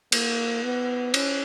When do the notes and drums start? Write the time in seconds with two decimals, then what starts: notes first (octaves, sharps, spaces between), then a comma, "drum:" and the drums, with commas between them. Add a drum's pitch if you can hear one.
0.12 A#3, drum: cymbal
0.63 B3
1.14 C#4, drum: cymbal